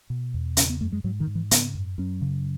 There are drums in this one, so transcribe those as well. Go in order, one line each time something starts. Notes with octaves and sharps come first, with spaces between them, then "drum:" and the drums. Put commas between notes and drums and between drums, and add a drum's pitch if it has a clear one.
B2
E2
C#3 C#4, drum: hi-hat
B3
F#2 A3
G#3
G#2 F#3
D#3
G#2
E3
C#3 B3, drum: hi-hat
F#2
F#2 C#4
C#3